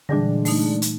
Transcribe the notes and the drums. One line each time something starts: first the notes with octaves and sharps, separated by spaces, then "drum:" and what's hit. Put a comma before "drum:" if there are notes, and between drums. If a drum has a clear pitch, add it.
A#2 D3 E3 G3 G#3 D4
A3 D#4, drum: open hi-hat
drum: hi-hat